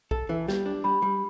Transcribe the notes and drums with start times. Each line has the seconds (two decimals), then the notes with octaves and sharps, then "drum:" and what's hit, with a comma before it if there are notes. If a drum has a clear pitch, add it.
0.11 A4, drum: kick
0.29 E3
0.48 G3, drum: snare
0.66 D4
0.84 G3 B5
1.02 G3